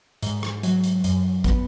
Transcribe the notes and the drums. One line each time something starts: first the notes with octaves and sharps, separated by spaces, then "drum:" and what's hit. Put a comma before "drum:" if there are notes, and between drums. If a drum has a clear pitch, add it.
G#2, drum: hi-hat
drum: rim click
F#3, drum: hi-hat
drum: hi-hat
F#2, drum: hi-hat
B3, drum: kick, hi-hat